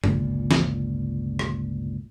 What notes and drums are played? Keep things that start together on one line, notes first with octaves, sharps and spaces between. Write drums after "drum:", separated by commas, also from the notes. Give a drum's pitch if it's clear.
G1 C#2 A#2, drum: tom F#2
drum: snare
drum: rim click